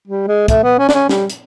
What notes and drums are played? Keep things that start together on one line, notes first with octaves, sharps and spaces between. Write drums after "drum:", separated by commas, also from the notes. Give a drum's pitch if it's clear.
G3
G#3
A3, drum: kick, hi-hat
B3
C#4
D4, drum: snare
C#4
G3, drum: snare
drum: hi-hat